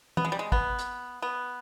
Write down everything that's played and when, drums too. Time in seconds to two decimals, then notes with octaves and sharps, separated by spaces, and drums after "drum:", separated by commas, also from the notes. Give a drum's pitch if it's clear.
0.17 B3, drum: tom
0.25 G#3
0.32 G3
0.39 G#3
0.52 B3, drum: kick
0.79 drum: hi-hat
1.22 B3